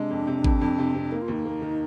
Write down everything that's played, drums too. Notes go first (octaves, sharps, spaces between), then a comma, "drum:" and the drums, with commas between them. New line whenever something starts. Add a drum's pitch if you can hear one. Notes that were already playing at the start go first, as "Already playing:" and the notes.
Already playing: C3 G#3 D4
F2
C3
F2, drum: kick G#1
F2
C3
C3
A#3 D#4
F4
D#2 D#4
A#3
D#3